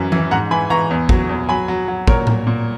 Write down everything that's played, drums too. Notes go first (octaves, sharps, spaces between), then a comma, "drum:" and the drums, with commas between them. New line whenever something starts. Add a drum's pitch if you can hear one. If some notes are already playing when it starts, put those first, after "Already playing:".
Already playing: F#2 E3
E3, drum: tom E3
G#2 F#5 A#5
E3 G#5 B5
E3 A#5 C#6
E2
F#3, drum: kick
E2
F#3 G#5 B5
F#3
F#3
A#2 A#4 C#5, drum: kick
A#2, drum: tom A2
A#2